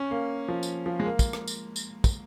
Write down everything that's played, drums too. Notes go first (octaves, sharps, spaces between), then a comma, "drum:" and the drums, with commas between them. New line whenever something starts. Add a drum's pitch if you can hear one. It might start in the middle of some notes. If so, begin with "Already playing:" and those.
Already playing: C#4
A#3
F3
drum: tambourine
F3
G#3
A#3
drum: kick, tambourine
drum: rim click
drum: tambourine
drum: tambourine
drum: kick, tambourine